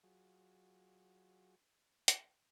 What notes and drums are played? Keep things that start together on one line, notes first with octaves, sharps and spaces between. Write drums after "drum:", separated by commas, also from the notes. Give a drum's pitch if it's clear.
F#3 F4 F#4 G#4
drum: hi-hat